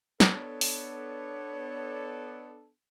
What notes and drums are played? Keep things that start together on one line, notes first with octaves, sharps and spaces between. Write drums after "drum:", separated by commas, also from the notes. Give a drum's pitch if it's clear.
B3 D4 A4 C#5, drum: snare
drum: open hi-hat